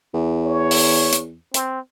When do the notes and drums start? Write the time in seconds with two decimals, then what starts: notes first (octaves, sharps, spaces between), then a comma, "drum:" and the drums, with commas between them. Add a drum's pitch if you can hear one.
0.14 E2
0.45 C#5
0.71 drum: open hi-hat
1.13 drum: hi-hat
1.54 C4, drum: hi-hat